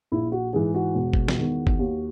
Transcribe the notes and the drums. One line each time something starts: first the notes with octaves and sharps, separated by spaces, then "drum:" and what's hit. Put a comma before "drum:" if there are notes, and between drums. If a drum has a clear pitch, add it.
A#1 E4
F#4
G#2 E3 G#4
F#4
E1
drum: kick G1
drum: snare
E2 D#3
drum: kick G1
D#2